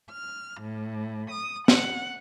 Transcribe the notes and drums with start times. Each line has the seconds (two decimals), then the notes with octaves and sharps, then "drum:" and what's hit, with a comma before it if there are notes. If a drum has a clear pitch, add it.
0.10 F6
0.61 A2
1.31 D#6
1.68 F#5, drum: snare